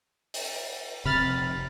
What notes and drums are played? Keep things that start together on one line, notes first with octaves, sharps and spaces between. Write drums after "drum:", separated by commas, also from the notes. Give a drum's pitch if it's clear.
drum: open hi-hat
F1 C3 B5 F6 A6